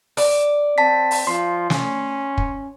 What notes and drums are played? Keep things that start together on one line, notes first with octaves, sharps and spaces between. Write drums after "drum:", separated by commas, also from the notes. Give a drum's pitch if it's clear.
D5, drum: open hi-hat
C4 A5 B6
drum: open hi-hat
F3 C6
C#4, drum: snare
drum: kick